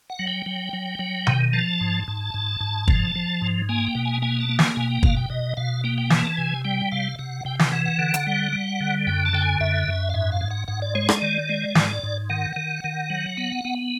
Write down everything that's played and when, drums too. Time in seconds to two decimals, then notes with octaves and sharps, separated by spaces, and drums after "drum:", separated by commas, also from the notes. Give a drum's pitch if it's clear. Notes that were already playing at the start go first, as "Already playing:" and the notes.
0.10 F#5
0.19 F#3
0.27 G5
0.46 F#3
0.73 F#3
0.99 F#3
1.27 D#3, drum: tom B2
1.53 F3 A5
1.81 G#2
2.08 G#2
2.34 G#2
2.61 G#2
2.88 F3, drum: kick
3.16 F3
3.42 G#2
3.69 A#3 G#5
3.87 G5
3.95 B2
4.05 G#5
4.22 A#3 G#5
4.40 A5
4.49 A#3
4.59 G#5, drum: snare
4.76 B2 G#5
4.90 G5
5.03 B2 F5, drum: kick
5.17 G5
5.30 B2 D#5
5.57 B2 F5
5.84 A#3 G5
5.98 G5
6.10 E3 G#5, drum: snare
6.24 A5
6.37 C3 G#5
6.64 G3 G5
6.92 C3 F5
7.19 C3 F#5
7.45 C3 G5
7.59 G5, drum: snare
7.72 E3 F#5
7.86 F#5
7.99 D3
8.14 drum: hi-hat
8.27 G3
8.53 G3
8.81 D3
9.07 F#2 G5
9.25 A5
9.33 D3 G5
9.42 G#5
9.60 F#2 E5
9.88 F#2
10.10 F5
10.14 G#2 E5
10.32 F5
10.41 G#2
10.51 F#5
10.68 G#2 F#5
10.82 D5
10.95 G#3 C#5
11.09 D5, drum: rim click
11.22 D#3
11.49 G#3
11.75 G#2, drum: snare
12.03 G#2
12.29 D#3 F#5
12.56 D#3
12.84 D#3
13.10 F#3
13.37 B3
13.65 B3